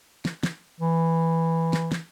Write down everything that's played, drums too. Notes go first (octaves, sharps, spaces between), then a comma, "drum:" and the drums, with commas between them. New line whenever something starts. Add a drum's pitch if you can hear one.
drum: snare
drum: snare
E3
drum: snare
drum: snare